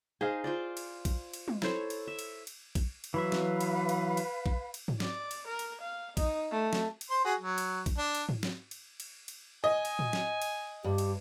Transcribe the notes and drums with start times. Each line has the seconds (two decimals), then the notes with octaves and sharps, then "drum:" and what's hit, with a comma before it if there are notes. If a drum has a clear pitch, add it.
0.21 D#4 G#4 C5 F5
0.44 F4 C5 D5
0.77 drum: cymbal
1.05 drum: kick A#1, cymbal
1.33 drum: cymbal
1.48 drum: tom G3
1.62 E4 A4 C5 C#5, drum: snare
1.90 drum: cymbal
2.07 E5
2.19 drum: cymbal
2.47 drum: cymbal
2.75 drum: kick A#1, cymbal
3.04 drum: cymbal
3.14 E3 F#3 B4 E5 F5
3.32 drum: snare
3.61 drum: cymbal
3.89 drum: cymbal
4.17 drum: cymbal
4.46 drum: kick A#1
4.74 drum: cymbal
4.88 drum: tom G#2
5.00 D5, drum: snare
5.31 drum: cymbal
5.47 A#4
5.59 drum: cymbal
5.81 F5
6.17 D#4, drum: kick A#1, cymbal
6.52 A3
6.73 drum: snare
7.01 drum: cymbal
7.11 C5 C6
7.25 F#4 G#4
7.40 F#3
7.58 drum: cymbal
7.86 drum: kick A#1, cymbal
7.98 D4
8.15 drum: cymbal
8.29 drum: tom G#2
8.43 drum: snare
8.71 drum: cymbal
9.00 drum: cymbal
9.28 drum: cymbal
9.64 D#5 G#5
9.85 drum: cymbal
9.99 drum: tom A2
10.13 drum: snare
10.42 drum: cymbal
10.84 G2 G4
10.98 drum: cymbal